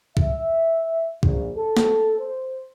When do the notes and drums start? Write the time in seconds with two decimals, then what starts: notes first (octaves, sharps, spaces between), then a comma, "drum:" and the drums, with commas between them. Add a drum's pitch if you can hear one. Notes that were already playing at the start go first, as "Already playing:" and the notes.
0.17 E5, drum: kick
1.23 A#1, drum: kick
1.56 A4
1.77 drum: snare
2.18 C5